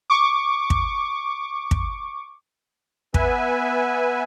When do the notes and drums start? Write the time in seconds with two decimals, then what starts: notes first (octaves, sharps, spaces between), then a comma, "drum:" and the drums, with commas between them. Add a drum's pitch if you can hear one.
0.10 C#6 D6
0.70 drum: kick
1.71 drum: kick
3.14 B3 B4 E5 G#5, drum: kick